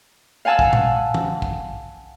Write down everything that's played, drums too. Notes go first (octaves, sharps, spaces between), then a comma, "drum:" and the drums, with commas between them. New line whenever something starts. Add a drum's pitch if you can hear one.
F5 F#5 G#5 A5 E6 F#6
drum: kick
drum: tom A#2
drum: tom
drum: kick